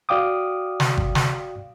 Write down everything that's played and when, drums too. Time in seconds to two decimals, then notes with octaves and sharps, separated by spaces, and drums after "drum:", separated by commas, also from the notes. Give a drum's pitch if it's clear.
0.09 F#4 D5 F5 G5 D6 D#6
0.80 drum: snare
0.97 drum: kick G1
1.15 drum: snare